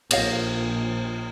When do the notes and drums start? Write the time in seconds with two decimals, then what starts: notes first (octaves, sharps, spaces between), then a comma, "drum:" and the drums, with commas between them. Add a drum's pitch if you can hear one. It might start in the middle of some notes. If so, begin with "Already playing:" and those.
0.11 A#1 C#5 D#5 F5, drum: cymbal